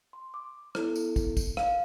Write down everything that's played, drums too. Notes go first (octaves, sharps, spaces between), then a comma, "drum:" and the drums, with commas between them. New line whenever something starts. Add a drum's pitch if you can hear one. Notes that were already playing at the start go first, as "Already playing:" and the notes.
C6
D6
B3 E4 A4, drum: rim click
drum: tambourine
drum: kick, tambourine
drum: kick, tambourine
F5, drum: rim click